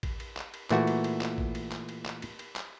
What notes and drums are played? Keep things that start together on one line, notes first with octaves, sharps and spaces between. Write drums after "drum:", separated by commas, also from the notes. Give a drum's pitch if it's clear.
drum: kick A1, cymbal
drum: cymbal
drum: clap
drum: cymbal
A#2 E3 A3 F#4, drum: clap
drum: cymbal
drum: cymbal
drum: clap
drum: kick A1
drum: cymbal
drum: clap
drum: cymbal
drum: clap
drum: cymbal
drum: cymbal
drum: clap